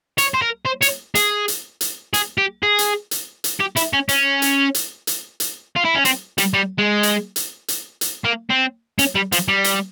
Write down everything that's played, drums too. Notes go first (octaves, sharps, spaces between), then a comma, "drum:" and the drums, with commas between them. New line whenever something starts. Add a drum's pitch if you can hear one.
C#5, drum: hi-hat
C5
A#4
C5
C#5, drum: hi-hat
G#4, drum: hi-hat
drum: hi-hat
drum: hi-hat
G#4, drum: hi-hat
G4
G#4
drum: hi-hat
drum: hi-hat
drum: hi-hat
G4
E4, drum: hi-hat
C#4
C#4, drum: hi-hat
drum: hi-hat
drum: hi-hat
drum: hi-hat
drum: hi-hat
F4
E4
C#4
C4, drum: hi-hat
G3, drum: hi-hat
G3
G#3
drum: hi-hat
drum: hi-hat
drum: hi-hat
drum: hi-hat
A#3
C4
C#4, drum: hi-hat
G3
F3, drum: hi-hat
G3
drum: hi-hat